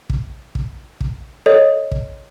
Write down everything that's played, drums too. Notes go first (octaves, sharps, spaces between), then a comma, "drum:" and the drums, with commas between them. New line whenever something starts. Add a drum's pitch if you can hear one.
drum: kick
drum: kick
drum: kick
A4 C#5 D#5
drum: kick